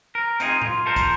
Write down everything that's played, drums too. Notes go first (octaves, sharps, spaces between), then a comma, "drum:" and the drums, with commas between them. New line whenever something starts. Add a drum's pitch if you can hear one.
A#4
C4 D#4 F4 G#4, drum: hi-hat
F4, drum: tom A2
F4 A4 A#4 C5
drum: kick, hi-hat